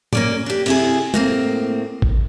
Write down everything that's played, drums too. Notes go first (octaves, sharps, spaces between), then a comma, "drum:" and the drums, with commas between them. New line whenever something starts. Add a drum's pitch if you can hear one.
A#3 C#4 D5, drum: tom A2
D4 G4
C3 E4 G#4, drum: cymbal
A2 A#3 C4, drum: tom G#3
drum: kick A1